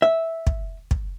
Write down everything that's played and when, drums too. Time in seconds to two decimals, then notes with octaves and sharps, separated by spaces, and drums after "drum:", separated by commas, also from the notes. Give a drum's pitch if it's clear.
0.02 E5
0.47 drum: kick
0.91 drum: kick